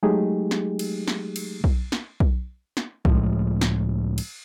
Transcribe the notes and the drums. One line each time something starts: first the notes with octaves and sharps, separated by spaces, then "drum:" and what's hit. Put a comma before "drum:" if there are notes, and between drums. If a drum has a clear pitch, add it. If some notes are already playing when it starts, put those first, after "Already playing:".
F#3 G#3 A3 D#4 G4 G#4
drum: snare
drum: cymbal
drum: snare
drum: cymbal
drum: kick B1
drum: snare
drum: kick B1
drum: snare
C#2 A2 F3 G#3, drum: kick B1
drum: snare
drum: cymbal